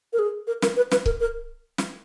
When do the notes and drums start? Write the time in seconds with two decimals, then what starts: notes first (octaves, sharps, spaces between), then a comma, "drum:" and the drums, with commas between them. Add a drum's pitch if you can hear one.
0.13 A#4
0.19 G#4
0.47 A#4
0.62 A#4, drum: snare
0.77 B4
0.91 B4, drum: snare
1.06 A#4, drum: kick C#1
1.20 A#4
1.78 drum: snare